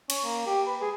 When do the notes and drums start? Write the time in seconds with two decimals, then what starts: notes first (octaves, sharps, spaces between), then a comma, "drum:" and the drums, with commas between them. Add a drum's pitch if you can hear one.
0.10 C#4, drum: cymbal
0.25 A#3
0.46 G4
0.67 B4
0.81 G#4